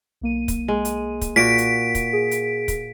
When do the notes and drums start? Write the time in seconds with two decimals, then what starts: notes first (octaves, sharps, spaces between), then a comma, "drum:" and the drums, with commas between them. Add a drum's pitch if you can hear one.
0.21 B1 A#3 D#7
0.48 drum: kick, hi-hat
0.68 G#3
0.85 drum: hi-hat
1.21 drum: kick, hi-hat
1.36 A#2 F#4 B6 D7
1.58 drum: hi-hat
1.95 drum: kick, hi-hat
2.13 G#4
2.31 drum: hi-hat
2.68 drum: kick, hi-hat